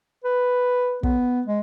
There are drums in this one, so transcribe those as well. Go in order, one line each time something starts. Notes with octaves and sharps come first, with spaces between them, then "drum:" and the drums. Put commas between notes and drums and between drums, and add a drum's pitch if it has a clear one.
B4
B3, drum: kick
G#3